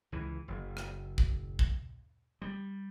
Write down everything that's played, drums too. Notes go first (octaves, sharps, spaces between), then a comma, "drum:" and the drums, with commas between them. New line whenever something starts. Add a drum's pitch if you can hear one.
C#2 E3
F#1
drum: rim click
drum: kick
drum: kick
G3